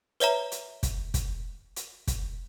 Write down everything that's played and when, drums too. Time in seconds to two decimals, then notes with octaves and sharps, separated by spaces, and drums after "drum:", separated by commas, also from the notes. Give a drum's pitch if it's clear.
0.20 B4 C#5 E5 A#5, drum: hi-hat
0.52 drum: hi-hat
0.83 drum: kick, hi-hat
1.14 drum: kick, hi-hat
1.76 drum: hi-hat
2.07 drum: kick, hi-hat